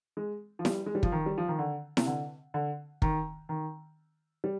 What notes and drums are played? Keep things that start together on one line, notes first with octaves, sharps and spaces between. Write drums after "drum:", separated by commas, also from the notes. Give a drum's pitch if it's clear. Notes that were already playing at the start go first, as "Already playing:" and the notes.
G#3
F3
G3, drum: snare E4
G#3
G3
F3, drum: kick
D#3
G3
F3
D#3
D3
C3, drum: snare E4
D3
D3
D#3, drum: kick
D#3
G3